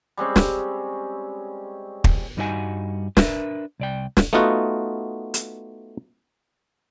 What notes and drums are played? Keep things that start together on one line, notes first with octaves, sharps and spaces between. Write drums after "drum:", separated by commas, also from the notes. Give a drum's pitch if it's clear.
G3 G#3 C4 C#4
drum: snare
drum: kick
G2 G3 D#4 F#4 D5 G#5
D4 A#4 B4 E5, drum: snare
C2 D5 G5
drum: snare
A3 B3 D#4 F4 F#4
drum: hi-hat